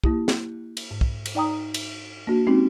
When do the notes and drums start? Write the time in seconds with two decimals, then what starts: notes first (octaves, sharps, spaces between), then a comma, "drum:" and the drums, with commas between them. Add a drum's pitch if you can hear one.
0.04 A#3 E4 G4, drum: kick
0.28 drum: snare
0.77 drum: cymbal
0.91 G#2
1.01 drum: kick
1.26 drum: cymbal
1.35 D#4 D5 G5 A#5 D#6
1.74 drum: cymbal
2.27 A#3 D4 F#4
2.47 G#3 C4 C#4 D#4 F#4 G4